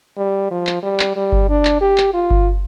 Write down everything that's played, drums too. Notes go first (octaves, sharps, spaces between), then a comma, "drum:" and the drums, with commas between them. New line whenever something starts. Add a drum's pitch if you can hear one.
G3
F3
drum: clap
G3
drum: clap
G3
drum: kick G1
D4
drum: clap
G4
drum: clap
F4
drum: kick G1